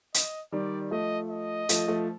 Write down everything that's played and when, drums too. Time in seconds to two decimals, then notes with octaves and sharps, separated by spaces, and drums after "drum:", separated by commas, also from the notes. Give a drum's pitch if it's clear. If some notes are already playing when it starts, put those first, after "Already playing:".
0.14 D#5, drum: hi-hat
0.52 D#3 G3 D5
0.91 F3 A3 D#5
1.31 D#5
1.69 F3 A3, drum: hi-hat
1.88 F3 A3